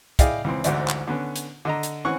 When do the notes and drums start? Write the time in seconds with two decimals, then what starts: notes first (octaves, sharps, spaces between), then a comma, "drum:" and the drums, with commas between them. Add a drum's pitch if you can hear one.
0.19 E4 G#4 D5 D#5 F5 G5, drum: kick, hi-hat
0.44 C#2 E3 C4
0.64 A1 D2 G#2 C5 D5 E5, drum: hi-hat
0.88 drum: clap
1.07 D3 B3 C#4
1.36 drum: hi-hat
1.65 D3 D#5 A#5
1.83 drum: hi-hat
2.05 E3 C4 C#4 C#5 F#5 C#6